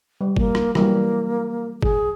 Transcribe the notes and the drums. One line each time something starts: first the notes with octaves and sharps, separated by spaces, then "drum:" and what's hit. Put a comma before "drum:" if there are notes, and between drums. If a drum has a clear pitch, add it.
G3
A#3, drum: kick G1
drum: rim click
E3 F#3 G3 A#3, drum: rim click
G#4, drum: kick G1